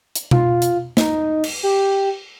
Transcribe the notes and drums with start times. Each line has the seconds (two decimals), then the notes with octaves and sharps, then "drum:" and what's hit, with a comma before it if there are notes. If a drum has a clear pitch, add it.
0.15 drum: hi-hat
0.31 F4, drum: tom B2
0.62 drum: hi-hat
0.97 D#4, drum: snare
1.44 drum: cymbal
1.63 G4